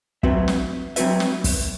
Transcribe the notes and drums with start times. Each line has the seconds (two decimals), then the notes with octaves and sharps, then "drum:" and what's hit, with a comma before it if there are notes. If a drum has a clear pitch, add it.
0.23 F#3 C4 F#4 B4 E5, drum: kick
0.48 drum: snare
0.96 F#3 C4 F#4 B4 E5, drum: hi-hat
1.20 drum: snare
1.44 drum: kick, open hi-hat